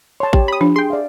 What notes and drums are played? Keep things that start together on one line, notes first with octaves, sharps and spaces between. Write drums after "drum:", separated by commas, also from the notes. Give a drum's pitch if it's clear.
C#5 A5 C6
G4, drum: kick A1
B5 D#6
F3 D4
G#4 G5 C6
D5 E5 F5